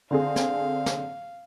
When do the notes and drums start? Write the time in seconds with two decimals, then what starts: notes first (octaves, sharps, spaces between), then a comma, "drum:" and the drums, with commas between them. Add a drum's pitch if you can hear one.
0.11 D3 C4 G#4 F5
0.36 drum: snare
0.86 drum: snare